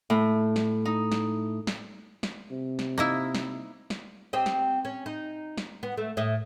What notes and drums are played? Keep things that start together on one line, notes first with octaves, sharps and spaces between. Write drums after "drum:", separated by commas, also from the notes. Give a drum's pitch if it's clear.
A2
drum: snare
D#4
drum: snare
drum: snare
drum: snare
C3
drum: snare
A#3 D#4 E4
drum: snare
drum: snare
C4 G4 D#5
drum: snare
C#4
D#4
drum: snare
B3
A3
A2 D#5 E5